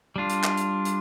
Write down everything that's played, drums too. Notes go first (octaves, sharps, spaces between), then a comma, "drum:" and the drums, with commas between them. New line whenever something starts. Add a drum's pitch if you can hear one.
G3 D4 F4
drum: hi-hat
drum: clap
drum: hi-hat
drum: hi-hat